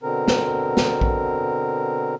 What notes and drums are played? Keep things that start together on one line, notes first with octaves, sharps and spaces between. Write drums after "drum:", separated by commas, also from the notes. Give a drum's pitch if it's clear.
B2 D3 C4 A#4
drum: snare
drum: snare
drum: kick A#1